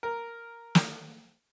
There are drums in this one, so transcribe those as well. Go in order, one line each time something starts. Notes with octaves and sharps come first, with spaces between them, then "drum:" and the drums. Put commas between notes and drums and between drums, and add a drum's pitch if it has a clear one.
A#4
drum: snare